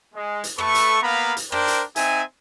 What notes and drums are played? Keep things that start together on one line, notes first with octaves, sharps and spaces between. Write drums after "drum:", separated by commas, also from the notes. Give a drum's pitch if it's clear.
G#3
drum: hi-hat
A3 A4 B4 C#6, drum: rim click
drum: hi-hat
A#3 B3 F5 A#5 B5
drum: hi-hat
D4 A#4 C5 D5 G5, drum: rim click
drum: hi-hat
C4 D#4 E5 G#5, drum: hi-hat